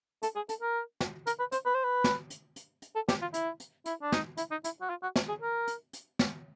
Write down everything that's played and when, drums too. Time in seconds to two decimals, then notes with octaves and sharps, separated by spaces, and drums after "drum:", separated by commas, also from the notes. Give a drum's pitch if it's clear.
0.23 A4, drum: hi-hat
0.36 G#4
0.49 A4, drum: hi-hat
0.61 A#4
1.01 drum: snare
1.27 A#4, drum: hi-hat
1.39 B4
1.52 C5, drum: hi-hat
1.66 B4
1.75 C5
1.84 B4
2.04 drum: snare
2.30 drum: hi-hat
2.56 drum: hi-hat
2.82 drum: hi-hat
2.95 A4
3.09 G4, drum: snare
3.21 F4
3.34 E4, drum: hi-hat
3.60 drum: hi-hat
3.86 E4, drum: hi-hat
4.02 D4
4.12 D#4, drum: snare
4.37 E4, drum: hi-hat
4.51 D#4
4.64 E4, drum: hi-hat
4.81 F#4
4.90 F4
5.03 F#4
5.16 drum: snare
5.29 G#4
5.42 A#4
5.67 drum: hi-hat
5.93 drum: hi-hat
6.19 drum: snare